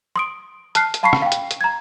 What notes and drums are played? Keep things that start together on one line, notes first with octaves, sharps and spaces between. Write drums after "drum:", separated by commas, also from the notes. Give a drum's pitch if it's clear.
C6 D#6 D7
A5 F6 F#6 C7, drum: hi-hat
drum: hi-hat
F5 A5 B5 C#6 B6 C7
drum: rim click
F5 G5
drum: hi-hat
drum: hi-hat
A#5 G#6